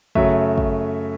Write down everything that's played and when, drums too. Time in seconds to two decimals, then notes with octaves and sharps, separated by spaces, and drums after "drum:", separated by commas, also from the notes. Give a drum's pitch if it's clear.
0.15 F#2 C#3 F#3 A3 E5, drum: kick
0.58 drum: kick